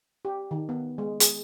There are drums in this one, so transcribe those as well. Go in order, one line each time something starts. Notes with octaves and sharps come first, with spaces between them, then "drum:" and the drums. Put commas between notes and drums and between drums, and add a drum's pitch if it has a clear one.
G4
D#3
B3
G#3
G#4, drum: hi-hat